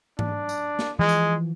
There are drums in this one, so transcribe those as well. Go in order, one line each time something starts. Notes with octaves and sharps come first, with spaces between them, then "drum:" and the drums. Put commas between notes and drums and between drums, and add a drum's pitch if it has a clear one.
D4, drum: tom G#2
drum: tambourine
drum: snare
E3 F3 G#3
drum: tambourine